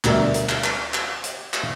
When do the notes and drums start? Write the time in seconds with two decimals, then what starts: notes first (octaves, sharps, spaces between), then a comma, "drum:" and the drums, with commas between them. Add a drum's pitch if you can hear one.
0.04 D2 B2 G3 A#4 D5 E5, drum: clap
0.34 drum: hi-hat
0.49 drum: clap
0.64 drum: clap
0.94 drum: clap
1.24 drum: hi-hat
1.54 drum: clap